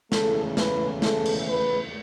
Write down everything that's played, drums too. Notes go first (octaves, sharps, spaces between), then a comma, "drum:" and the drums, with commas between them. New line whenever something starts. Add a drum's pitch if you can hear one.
E2 C#3 E3 A3 A4, drum: snare
B4, drum: snare
A4, drum: snare
drum: cymbal
B4